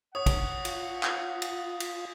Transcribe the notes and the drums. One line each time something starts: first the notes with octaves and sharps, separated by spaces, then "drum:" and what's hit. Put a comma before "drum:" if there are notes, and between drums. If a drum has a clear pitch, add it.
C#5 F#5 D#6
drum: kick, cymbal
F4, drum: cymbal
drum: clap
drum: cymbal
drum: cymbal